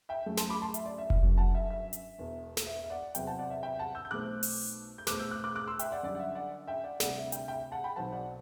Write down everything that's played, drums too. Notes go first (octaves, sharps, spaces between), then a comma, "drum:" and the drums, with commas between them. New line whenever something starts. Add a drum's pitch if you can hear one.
E5 G5
F#2 F#3 A3
A5 C6, drum: snare
B5 D6
A5 C6
E5, drum: hi-hat
D5
E5
E5, drum: kick F1
G1 F#2 F#3
F#5 A5
E5
E5
drum: hi-hat
E1 E2 B2
drum: snare
E5
E5
D5 F#5
E2 C3 F#3 C4 E5 G5, drum: hi-hat
F#5 A5
D5 F#5
E5
E5 G5
F#5 A5
E6 G6
G6
B1 B2 A3 C4 D6 F#6
drum: open hi-hat
G6
E2 B2 A3 C4 D6 F#6, drum: snare
E6 G6
D6 F#6
D6 F#6
D6 F#6
C6 E6
E5 G5, drum: hi-hat
D5 F#5
F#2 D3 G3 D5
F#5
E5
D5 F#5
E5 G5
D5 F#5
D2 C3 G3 D5 F#5, drum: snare
E5
E5 G5, drum: hi-hat
E5 G5
F#5 A5
G5 B5
B1 B2 F#3 C4 F#5 A5
D5 F#5